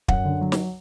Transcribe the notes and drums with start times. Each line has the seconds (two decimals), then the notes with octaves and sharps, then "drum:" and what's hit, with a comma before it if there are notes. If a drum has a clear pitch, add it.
0.08 F#2 F#5, drum: kick
0.25 D3
0.41 F#3
0.52 drum: snare